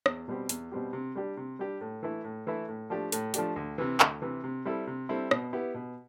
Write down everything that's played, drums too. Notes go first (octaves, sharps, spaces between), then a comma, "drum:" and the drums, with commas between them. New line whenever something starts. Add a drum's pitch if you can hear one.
E2, drum: rim click
B2 G3 C4 G4
E2, drum: hi-hat
B2 G3 C4 G4
C3
G3 D4 G4
C3
G3 D4 G4
A2
E3 A3 E4
A2
E3 A3 E4
A2
F3 A3 D4 G4
A2, drum: hi-hat
F3 A3 D4 G4, drum: hi-hat
D2
C3 E3
D2, drum: clap
C3 E3
C3
G3 C4 E4 A4
C3
G3 C4 E4 A4
B2, drum: rim click
B3 E4 G4
B2